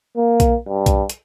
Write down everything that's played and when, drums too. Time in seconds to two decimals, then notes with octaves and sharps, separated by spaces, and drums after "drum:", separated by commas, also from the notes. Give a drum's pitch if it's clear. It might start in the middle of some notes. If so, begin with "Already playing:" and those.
0.17 A#3
0.40 drum: kick B1, hi-hat
0.66 G2
0.86 drum: kick B1, hi-hat
1.10 drum: hi-hat